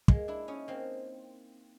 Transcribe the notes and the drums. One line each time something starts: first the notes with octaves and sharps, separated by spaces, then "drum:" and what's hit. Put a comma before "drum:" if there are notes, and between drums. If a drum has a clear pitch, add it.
G#3 A#3, drum: kick
D4 E4
C#4 D#4
A#3 C4